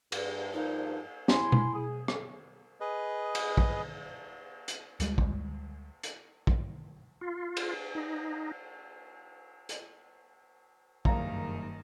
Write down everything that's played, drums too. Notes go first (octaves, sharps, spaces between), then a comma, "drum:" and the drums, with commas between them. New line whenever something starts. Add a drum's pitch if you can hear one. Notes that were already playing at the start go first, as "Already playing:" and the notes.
G2, drum: cymbal
G2 F3 A#3 D#4
E4 G#5 C6, drum: snare
drum: tom B2
G#4
drum: rim click
G#4 B4 D#5
drum: cymbal
drum: kick
drum: hi-hat
D2 G3 G#3, drum: hi-hat
drum: kick
drum: hi-hat
drum: kick
F4
drum: cymbal
D#4
drum: hi-hat
F#1 G2 D#3 F5 A#5, drum: kick